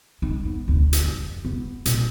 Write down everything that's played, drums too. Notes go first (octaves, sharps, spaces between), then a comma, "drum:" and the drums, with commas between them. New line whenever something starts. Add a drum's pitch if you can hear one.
D#4
B3
D2 D#4
drum: hi-hat
F2
B3
A#2, drum: hi-hat